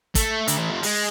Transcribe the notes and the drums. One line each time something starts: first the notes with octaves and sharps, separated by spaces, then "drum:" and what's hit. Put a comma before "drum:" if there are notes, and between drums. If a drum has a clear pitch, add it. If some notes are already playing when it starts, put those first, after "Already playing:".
A3, drum: kick, hi-hat
D3, drum: hi-hat
E3
F3
G#3, drum: open hi-hat